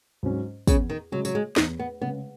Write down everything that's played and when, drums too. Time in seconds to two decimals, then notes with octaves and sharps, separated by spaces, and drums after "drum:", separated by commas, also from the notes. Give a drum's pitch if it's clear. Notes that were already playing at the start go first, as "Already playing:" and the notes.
0.23 G#2 F#3 C#4
0.67 E2 C#3, drum: kick, tambourine
0.89 D#3
1.12 C#3 F#3 G#3
1.25 F#3, drum: tambourine
1.35 G#3
1.56 E2 D#4, drum: snare
1.79 B3
2.01 C#3 G#3 B3